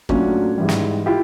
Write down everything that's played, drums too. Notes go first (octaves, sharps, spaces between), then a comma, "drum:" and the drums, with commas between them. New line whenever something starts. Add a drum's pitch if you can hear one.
A2 F#3 A#3 C#4 D4 F4, drum: kick
G#2 E3 G3
drum: snare
E4 F4 G4